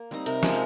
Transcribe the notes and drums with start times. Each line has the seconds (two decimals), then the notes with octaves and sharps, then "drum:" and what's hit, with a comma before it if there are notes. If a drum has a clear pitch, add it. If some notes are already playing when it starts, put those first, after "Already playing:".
Already playing: A#3
0.11 G3 C4 D#4
0.26 C3 A#4, drum: hi-hat
0.43 F3 G#3, drum: snare